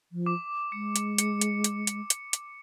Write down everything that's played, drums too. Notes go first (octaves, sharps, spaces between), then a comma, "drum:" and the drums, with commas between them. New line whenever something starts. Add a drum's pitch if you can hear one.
F3
D6
G#3 C#7
drum: hi-hat
C#7, drum: hi-hat
drum: hi-hat
drum: hi-hat
drum: hi-hat
drum: hi-hat
drum: hi-hat